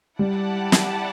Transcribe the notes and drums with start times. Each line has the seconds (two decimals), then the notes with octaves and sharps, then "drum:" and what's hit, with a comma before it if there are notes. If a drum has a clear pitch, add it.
0.19 G3 E4 G4 D5 F#5 A5
0.72 drum: snare